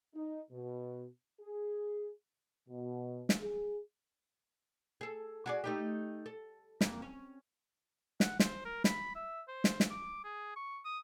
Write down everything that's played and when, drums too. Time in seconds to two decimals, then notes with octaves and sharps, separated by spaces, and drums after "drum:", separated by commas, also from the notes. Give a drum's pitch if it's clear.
0.15 D#4
0.51 B2
1.40 G#4
2.69 B2
3.29 drum: snare
3.41 G#4
5.01 G#4 A4
5.46 F#4 G#4 D5
5.64 A3 D#4 G4
6.26 A4
6.81 F2 A#3, drum: snare
7.02 C#4
8.20 F#5, drum: snare
8.39 C5, drum: snare
8.65 A#4
8.84 B5, drum: snare
9.15 E5
9.48 C5
9.64 drum: snare
9.80 drum: snare
9.90 D6
10.24 G#4
10.56 C#6
10.85 D#6